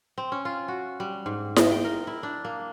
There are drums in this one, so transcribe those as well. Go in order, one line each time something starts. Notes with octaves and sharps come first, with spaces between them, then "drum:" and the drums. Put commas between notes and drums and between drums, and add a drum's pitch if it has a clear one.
C4
C#4
F4
F#4
G3
G#2
D#5, drum: snare E4
G5
A#4
E4
D4
A#3